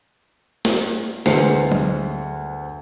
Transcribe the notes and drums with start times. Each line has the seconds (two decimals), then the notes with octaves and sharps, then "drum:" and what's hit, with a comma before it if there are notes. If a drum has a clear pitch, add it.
0.65 drum: snare
1.26 D2 G#3 B3 C5 C7 C#7, drum: snare
1.72 drum: tom F#3